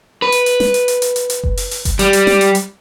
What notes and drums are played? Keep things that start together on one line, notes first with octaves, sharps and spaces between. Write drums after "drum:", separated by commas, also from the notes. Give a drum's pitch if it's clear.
B4
drum: hi-hat
drum: hi-hat
drum: snare
drum: hi-hat
drum: hi-hat
drum: hi-hat
drum: hi-hat
drum: hi-hat
drum: kick F#1
drum: open hi-hat
drum: open hi-hat
drum: kick F#1, hi-hat
G3, drum: hi-hat
drum: hi-hat
drum: snare
drum: hi-hat
drum: hi-hat